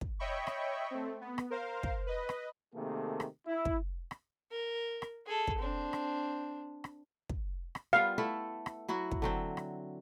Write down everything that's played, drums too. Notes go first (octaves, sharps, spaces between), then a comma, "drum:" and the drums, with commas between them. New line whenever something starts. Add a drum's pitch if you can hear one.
drum: kick
C#5 D#5 E5 G5 B5 C#6
drum: rim click
A3 C4
B3
drum: rim click
A#4 C5 F5
drum: kick
B4 D#5
drum: rim click
C3 D#3 A3 A#3 G#4 A4
drum: rim click
E4
drum: kick
drum: rim click
A#4
drum: rim click
G#4 A4
drum: kick
C4 D4
drum: rim click
drum: rim click
drum: kick
drum: rim click
G3 B3 F4 F5
A3 E4 A4
drum: rim click
F#3 E4 F#4
drum: kick
D3 F#3 C4
drum: rim click